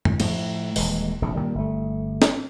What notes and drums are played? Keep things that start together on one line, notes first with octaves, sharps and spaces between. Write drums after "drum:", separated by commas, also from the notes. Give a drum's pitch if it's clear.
drum: tom
A2 F3 A3, drum: cymbal
D#1 E3 G#3, drum: open hi-hat
F1 A#1 A2 C#3
A#2 D3 D#3 G3
G1 A3
drum: snare